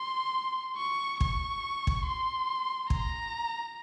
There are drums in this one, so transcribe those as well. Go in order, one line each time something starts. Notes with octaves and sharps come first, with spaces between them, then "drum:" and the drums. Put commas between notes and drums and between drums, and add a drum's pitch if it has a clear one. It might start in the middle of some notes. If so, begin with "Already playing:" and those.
Already playing: C6
C#6
C#6, drum: kick
drum: kick
C6
A#5, drum: kick